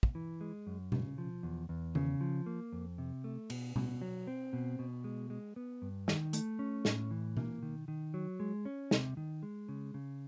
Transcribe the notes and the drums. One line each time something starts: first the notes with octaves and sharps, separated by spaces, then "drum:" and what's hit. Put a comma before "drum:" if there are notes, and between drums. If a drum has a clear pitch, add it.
drum: kick
E3
G#3
F#2
C#3, drum: tom B2
F3
E2
E2
C#3, drum: tom D#3
F3
A#3
F2
C3
A3
B2, drum: cymbal
B2, drum: tom B2
F#3
C4
B2
B2
G#3
G#3
B3
G2
D#3, drum: snare
A3, drum: hi-hat
C#4
A2, drum: snare
E3
A#3, drum: tom B2
D#3
D#3
F#3
G#3
C#4
C3, drum: snare
D#3
G#3
C#3
C#3